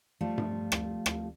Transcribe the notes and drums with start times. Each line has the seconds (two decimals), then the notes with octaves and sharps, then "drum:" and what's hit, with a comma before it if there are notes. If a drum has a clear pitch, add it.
0.21 F3 G3 A3 F4
0.38 drum: tom G2
0.72 drum: rim click
1.06 drum: rim click